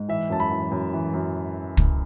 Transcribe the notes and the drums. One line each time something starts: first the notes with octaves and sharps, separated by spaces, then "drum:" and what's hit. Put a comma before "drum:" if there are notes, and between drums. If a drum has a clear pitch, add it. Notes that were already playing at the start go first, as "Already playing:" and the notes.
Already playing: G#2
E3 E5
F#2 A5
B5
E3
F#2
E3
F#2
drum: kick